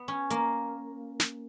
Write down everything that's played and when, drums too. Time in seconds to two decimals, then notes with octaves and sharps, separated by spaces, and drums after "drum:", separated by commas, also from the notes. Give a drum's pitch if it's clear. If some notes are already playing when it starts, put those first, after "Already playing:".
Already playing: B3
0.08 C#4
0.30 A#3, drum: hi-hat
1.20 drum: snare